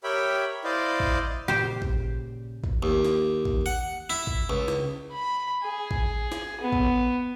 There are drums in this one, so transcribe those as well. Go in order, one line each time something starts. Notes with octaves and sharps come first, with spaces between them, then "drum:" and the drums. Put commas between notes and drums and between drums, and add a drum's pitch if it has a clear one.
G4 A#4 C#5 E5 G5 B5
E4 C5 D5 D#5 F5
drum: kick
A#2 C#3 G4 C5
drum: kick
drum: kick
D#2
drum: snare
drum: kick
F#5
E4
drum: kick
C#2
drum: snare
B5
G#4
drum: kick
drum: snare
B3
drum: kick